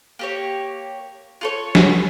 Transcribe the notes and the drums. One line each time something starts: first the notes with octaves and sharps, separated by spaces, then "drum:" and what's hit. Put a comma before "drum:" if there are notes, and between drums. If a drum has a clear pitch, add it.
A#3 G4 C#5
F4 A4 C#5
drum: snare